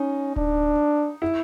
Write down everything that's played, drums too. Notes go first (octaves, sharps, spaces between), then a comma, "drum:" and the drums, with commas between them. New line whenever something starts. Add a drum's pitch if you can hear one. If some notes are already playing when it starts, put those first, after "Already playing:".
Already playing: C#4 D#4
D4, drum: kick D1
E4